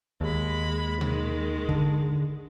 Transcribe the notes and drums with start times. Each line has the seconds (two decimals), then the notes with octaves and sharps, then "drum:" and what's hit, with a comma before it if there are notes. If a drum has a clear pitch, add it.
0.21 D#2 G#3 B5
1.01 D#3 G#3, drum: tom B2
1.69 D3, drum: kick